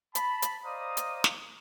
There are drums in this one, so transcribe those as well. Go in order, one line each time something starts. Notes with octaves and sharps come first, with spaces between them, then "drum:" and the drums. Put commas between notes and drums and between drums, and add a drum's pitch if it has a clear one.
A5 B5, drum: hi-hat
drum: hi-hat
C5 D5 D#5 F5 A#5 D#6
drum: hi-hat
drum: snare